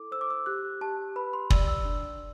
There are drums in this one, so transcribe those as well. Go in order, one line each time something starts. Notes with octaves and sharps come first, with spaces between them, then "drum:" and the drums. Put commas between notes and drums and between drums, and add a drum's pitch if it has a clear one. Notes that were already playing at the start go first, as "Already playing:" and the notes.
Already playing: E4 A4 D6
C5 E6
D6
E6
G4 F#6
G4 A5
B4 B5
C6
D5 E6, drum: kick
E6
D4